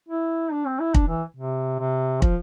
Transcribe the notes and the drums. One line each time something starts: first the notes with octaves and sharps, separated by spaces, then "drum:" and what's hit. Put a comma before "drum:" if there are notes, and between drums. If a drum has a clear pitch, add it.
E4
D4
C4
E4
D4, drum: kick
E3
C3
C3
F3, drum: kick